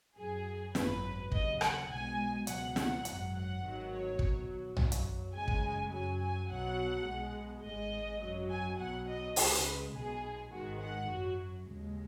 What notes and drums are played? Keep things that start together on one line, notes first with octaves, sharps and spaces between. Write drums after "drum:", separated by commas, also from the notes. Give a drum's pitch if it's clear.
F#2 F#3 G#4
G#1 F#2 F#3 B4, drum: snare
D#2 C#3 F#3 D#5, drum: kick
F#5, drum: rim click
B1 B2 G#3 G#5
C#2 B2 F#3 F#5, drum: hi-hat
F#5, drum: snare
G#1 F#2 F#3, drum: hi-hat
F#5
G#1 G#2 D#3 F#3
C#5
B1 B2 F#3, drum: kick
F#2 F#3, drum: tom
drum: hi-hat
F#2 C#3 G#3 G#5
drum: kick
F#2 F#3 G#5
G#5
B1 B2 F#3 F#5
B1 B2 G#3
G#1 G#2 G#3 D#5
F#2 F#3
G#5
B1 B2 F#3 F#5
D#5
C#2 C#3 G#3 B4, drum: open hi-hat
B1 B2 G#3 G#4
G#1 G#2 D#3 G#3 F#4
F#5
F#2 F#3 F#4
D#2 C#3 G#3